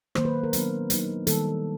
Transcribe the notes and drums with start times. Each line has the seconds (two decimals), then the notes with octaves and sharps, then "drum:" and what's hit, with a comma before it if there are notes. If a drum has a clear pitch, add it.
0.15 D#3 F#3 A#3 C5, drum: rim click
0.25 B4
0.44 A#4
0.53 F#3 B3 D4, drum: hi-hat
0.90 F#3 A#3 D#4, drum: hi-hat
1.27 D#3 G3 A#3 D#4 A4, drum: hi-hat